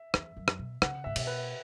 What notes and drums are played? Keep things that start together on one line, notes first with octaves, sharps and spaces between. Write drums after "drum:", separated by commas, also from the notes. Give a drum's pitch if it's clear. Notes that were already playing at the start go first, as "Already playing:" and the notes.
Already playing: E5
E2, drum: rim click
F#2
drum: rim click
B2
C#3 F#5, drum: rim click
G#2 E5
B2, drum: cymbal
B4